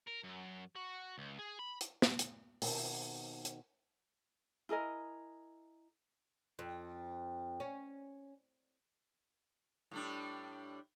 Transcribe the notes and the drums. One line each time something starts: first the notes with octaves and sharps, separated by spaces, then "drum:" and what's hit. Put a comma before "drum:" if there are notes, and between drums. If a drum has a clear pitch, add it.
A#4
F#2
F#4
C#2
G#4
B5
drum: hi-hat
drum: snare
drum: hi-hat
B2 D#3 C4, drum: open hi-hat
drum: hi-hat
E4 G#4 A#4 D#5
F2
C#4
A2 G3 D4